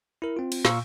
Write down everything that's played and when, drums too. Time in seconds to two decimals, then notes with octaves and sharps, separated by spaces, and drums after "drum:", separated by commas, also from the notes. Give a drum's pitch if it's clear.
0.22 E4 A#4
0.37 C4 F4
0.52 drum: cymbal
0.65 A#2 F5 C#6 E6, drum: snare